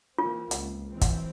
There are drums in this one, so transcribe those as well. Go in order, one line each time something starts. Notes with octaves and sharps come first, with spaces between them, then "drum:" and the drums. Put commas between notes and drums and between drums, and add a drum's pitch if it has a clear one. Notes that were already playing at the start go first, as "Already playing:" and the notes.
E3 A#3 C4 F4
C#2, drum: hi-hat
E3 F#3 C4
drum: kick, hi-hat